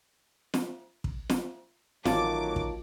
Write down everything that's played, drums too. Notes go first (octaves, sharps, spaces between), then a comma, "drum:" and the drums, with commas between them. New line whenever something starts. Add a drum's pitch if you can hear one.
drum: snare
drum: kick
drum: snare
A1 D#3 F#3 F4 A5 D6, drum: snare
drum: kick